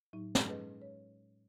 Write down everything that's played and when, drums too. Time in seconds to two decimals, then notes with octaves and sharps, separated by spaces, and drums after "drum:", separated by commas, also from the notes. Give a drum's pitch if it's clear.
0.13 A2 F#3 D#4
0.35 G#3 A4, drum: snare
0.48 C#4 G#4 B4 D#5
0.82 C#5